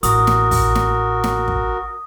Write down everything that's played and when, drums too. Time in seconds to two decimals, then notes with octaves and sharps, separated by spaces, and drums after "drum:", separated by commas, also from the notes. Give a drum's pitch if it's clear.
0.03 A1 F#4 A#4 D#6, drum: hi-hat
0.27 drum: snare
0.51 drum: kick, open hi-hat
0.75 drum: snare
1.24 drum: snare
1.48 drum: kick